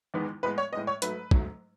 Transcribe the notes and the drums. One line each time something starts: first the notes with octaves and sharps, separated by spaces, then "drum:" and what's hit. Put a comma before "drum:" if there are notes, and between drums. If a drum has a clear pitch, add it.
E2 D#3 G#3 B3
A2 G#3 B3 B4
C#5
A2 G#3 B3 D#5
C#5
G#2 F#3 A3 B4, drum: hi-hat
G#2 F#3 A3, drum: kick